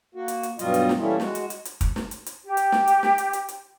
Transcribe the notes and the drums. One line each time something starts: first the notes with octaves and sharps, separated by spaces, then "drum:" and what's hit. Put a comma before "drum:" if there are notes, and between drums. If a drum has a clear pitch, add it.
A#3 F#4
drum: hi-hat
drum: hi-hat
G2 B2 F#3 G3 F4 D#5, drum: hi-hat
drum: hi-hat
drum: snare
E3 G3 A3 A#3 C#4 E4
G#3 F#4, drum: snare
drum: hi-hat
drum: hi-hat
drum: hi-hat
drum: kick, hi-hat
drum: snare
drum: hi-hat
drum: hi-hat
G4
drum: hi-hat
drum: snare
drum: hi-hat
drum: snare
drum: hi-hat
drum: hi-hat
drum: hi-hat